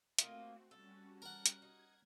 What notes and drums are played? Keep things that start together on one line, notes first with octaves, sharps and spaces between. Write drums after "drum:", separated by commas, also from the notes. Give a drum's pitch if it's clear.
A3 A#3 C4 F4 F#4 D#5, drum: hi-hat
G3 C#4 F#4 A4
A#4 F#5
drum: hi-hat
D#4 G#6